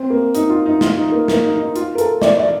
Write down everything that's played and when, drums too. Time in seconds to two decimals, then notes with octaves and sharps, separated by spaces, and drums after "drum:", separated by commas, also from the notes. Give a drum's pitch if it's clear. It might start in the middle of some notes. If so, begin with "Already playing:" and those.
Already playing: C4
0.10 A#3
0.35 D#4, drum: hi-hat
0.49 F4
0.66 D#4
0.81 F4, drum: snare
0.96 D#4
1.12 A#3
1.28 A#3, drum: snare
1.44 D#4
1.60 D#4
1.76 F4, drum: hi-hat
1.95 A#4
1.98 A4, drum: hi-hat
2.22 D5, drum: snare
2.37 D5